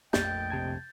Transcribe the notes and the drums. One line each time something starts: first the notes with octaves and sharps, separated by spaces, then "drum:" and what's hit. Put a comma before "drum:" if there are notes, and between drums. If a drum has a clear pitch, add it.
A#1 F2 A3 D#5 G5 G6 A6, drum: snare
C3 A5 G#6